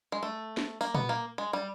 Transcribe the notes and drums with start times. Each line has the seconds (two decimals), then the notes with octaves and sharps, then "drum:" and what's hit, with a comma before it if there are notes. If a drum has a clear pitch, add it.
0.12 G#3
0.23 A3
0.57 drum: snare
0.81 A#3, drum: tambourine
0.95 B3, drum: tom A#2
1.09 A#3
1.38 G#3
1.53 G3